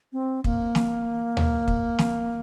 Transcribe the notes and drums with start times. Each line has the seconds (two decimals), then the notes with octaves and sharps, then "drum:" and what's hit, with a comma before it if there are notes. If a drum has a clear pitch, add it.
0.13 C4
0.44 A#3, drum: kick
0.75 drum: snare
1.37 drum: tom D2
1.68 drum: kick
1.99 drum: snare